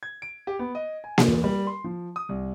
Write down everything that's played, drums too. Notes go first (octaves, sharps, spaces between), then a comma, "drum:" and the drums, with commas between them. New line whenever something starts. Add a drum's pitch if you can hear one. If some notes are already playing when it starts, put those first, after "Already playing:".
G#6
D7
G4
B3
D#5
G#5
drum: snare A#3
E2
G3
C6
F3
D#6
C2